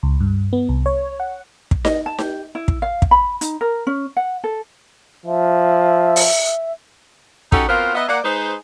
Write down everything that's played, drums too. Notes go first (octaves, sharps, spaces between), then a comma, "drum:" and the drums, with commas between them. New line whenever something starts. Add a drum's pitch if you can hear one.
C#2
G2
B3
C2
C#5
F#5
drum: kick
D#5, drum: snare D#4
A5
G4, drum: snare D#4
E4
drum: kick
F5
drum: kick
B5
D#4, drum: hi-hat
A#4
C#4
F#5
A4
F3 E5
drum: open hi-hat
C#4 D#4 F#4 G4 A4, drum: kick
B3 C4 F4 F#4 A#4 C5
B3 D#5 E5
A#3 D5 F#5
G#3 D#4 G#4 B4 C5